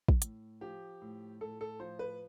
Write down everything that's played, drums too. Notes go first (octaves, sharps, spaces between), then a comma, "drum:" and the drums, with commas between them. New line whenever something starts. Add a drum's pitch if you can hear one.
drum: kick
A2, drum: hi-hat
F3 G4
A2
A2 A4
A4
F3 C5
B4